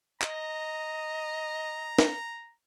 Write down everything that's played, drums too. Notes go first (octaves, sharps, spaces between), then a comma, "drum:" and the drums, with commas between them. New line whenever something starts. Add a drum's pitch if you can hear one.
D#5 A#5, drum: clap
drum: snare